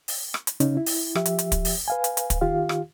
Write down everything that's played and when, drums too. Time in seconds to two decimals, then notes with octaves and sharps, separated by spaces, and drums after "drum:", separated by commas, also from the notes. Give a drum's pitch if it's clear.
0.08 drum: open hi-hat
0.34 drum: rim click
0.47 drum: hi-hat
0.60 C#3 C#4 D#4, drum: hi-hat
0.77 E4
0.86 drum: open hi-hat
1.15 F3 G4 E5, drum: rim click
1.26 drum: hi-hat
1.39 drum: hi-hat
1.52 drum: kick, hi-hat
1.65 drum: open hi-hat
1.88 B4 F5 G#5
2.04 drum: hi-hat
2.17 drum: hi-hat
2.30 drum: kick, hi-hat
2.41 D#3 F4 G4 F5
2.69 drum: rim click